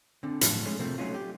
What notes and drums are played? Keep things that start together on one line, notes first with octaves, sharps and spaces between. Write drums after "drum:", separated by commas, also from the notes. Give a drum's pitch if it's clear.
D3 C4 D4
A2 F3 F#3 D4 B5, drum: hi-hat
G#3 A3 C#4
C3 F3 A3 A#3 C4
F#3 A3 C#4 D#4 F4
G4